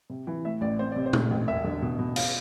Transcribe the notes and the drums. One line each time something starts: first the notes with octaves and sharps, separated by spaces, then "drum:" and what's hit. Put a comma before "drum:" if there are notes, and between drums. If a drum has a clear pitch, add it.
C3
E3
A2 E5
A1 D5
C4 C5
C3 D5
C5
A3, drum: tom A#2
A1
E1 E5
D3
B2
B2
F5, drum: cymbal